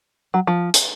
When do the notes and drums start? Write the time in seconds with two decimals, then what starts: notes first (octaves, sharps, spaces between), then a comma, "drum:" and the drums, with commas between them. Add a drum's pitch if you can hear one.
0.34 F#3
0.47 F3
0.74 drum: hi-hat